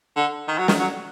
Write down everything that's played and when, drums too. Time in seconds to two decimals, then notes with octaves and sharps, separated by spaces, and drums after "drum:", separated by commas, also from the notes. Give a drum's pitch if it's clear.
0.16 D3
0.48 D#3
0.58 F#3
0.68 D#3, drum: snare
0.79 F#3